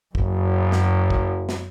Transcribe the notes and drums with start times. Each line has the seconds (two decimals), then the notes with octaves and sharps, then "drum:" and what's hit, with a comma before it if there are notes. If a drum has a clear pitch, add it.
0.15 F#1 F#2, drum: kick
0.72 drum: snare
1.10 drum: kick
1.49 drum: snare